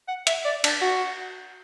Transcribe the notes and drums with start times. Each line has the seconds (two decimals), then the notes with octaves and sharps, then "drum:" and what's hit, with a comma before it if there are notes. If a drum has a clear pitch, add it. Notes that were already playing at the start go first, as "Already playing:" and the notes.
0.08 F#5
0.27 E5, drum: hi-hat
0.45 D5
0.64 D4, drum: cymbal
0.81 F#4